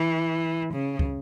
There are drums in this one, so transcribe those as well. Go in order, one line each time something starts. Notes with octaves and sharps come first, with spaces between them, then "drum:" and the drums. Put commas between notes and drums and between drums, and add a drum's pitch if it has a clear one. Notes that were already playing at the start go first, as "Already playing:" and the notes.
Already playing: E3
C#3
drum: kick